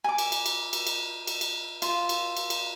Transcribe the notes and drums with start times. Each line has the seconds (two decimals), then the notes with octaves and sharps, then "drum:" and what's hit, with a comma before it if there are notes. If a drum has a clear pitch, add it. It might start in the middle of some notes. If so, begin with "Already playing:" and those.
0.04 G#5 D6
0.18 drum: cymbal
0.32 drum: cymbal
0.46 drum: cymbal
0.73 drum: cymbal
0.87 drum: cymbal
1.27 drum: cymbal
1.41 drum: cymbal
1.82 F4, drum: cymbal
2.09 drum: cymbal
2.37 drum: cymbal
2.50 drum: cymbal